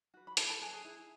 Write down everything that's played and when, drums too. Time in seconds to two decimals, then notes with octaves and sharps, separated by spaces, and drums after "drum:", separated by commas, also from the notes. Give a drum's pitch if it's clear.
0.14 F#4 B4
0.27 B5
0.37 E4 A4 A5, drum: hi-hat
0.49 A4 A5
0.61 G#4 B4 G#5
0.73 G#4 G#5
0.84 E4